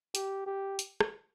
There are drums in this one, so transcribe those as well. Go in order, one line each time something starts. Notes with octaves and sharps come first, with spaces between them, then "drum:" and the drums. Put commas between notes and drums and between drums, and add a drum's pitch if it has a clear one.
G4, drum: hi-hat
G4
drum: hi-hat
drum: rim click